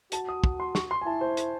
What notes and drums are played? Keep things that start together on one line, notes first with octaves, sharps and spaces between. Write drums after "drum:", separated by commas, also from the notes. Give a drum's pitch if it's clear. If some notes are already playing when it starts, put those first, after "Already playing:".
F#4 A5, drum: hi-hat
D#6
drum: kick
C6
C#6, drum: snare
C6
G#5
E4 A5
C5
drum: hi-hat